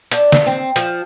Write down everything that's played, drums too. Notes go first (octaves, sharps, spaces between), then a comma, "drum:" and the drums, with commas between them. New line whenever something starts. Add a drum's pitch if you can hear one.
D4, drum: hi-hat
drum: snare
C4
F3, drum: hi-hat